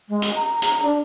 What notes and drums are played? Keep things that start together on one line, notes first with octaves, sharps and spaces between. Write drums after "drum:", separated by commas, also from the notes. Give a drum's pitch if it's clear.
G#3
drum: hi-hat
A#5
drum: hi-hat
D4